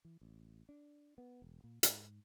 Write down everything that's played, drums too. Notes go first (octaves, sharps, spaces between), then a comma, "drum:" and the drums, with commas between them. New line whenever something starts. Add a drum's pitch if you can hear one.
E3
A1
D4
B3
E1
A#2
G#2, drum: hi-hat